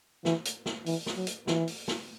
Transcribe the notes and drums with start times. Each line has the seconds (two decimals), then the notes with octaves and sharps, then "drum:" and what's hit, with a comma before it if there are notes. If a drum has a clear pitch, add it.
0.25 E3, drum: snare
0.45 drum: hi-hat
0.66 drum: snare
0.86 E3, drum: open hi-hat
1.06 drum: snare
1.16 F#3
1.27 drum: hi-hat
1.47 E3, drum: snare
1.67 drum: open hi-hat
1.88 drum: snare